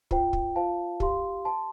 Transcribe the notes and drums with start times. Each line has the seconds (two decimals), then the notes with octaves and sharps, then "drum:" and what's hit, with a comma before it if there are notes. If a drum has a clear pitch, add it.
0.11 F4 C5 G5, drum: kick
0.33 drum: kick
0.56 F4 C5 F5 A5
1.00 G4 F5 C6, drum: kick
1.45 C5 A5 C6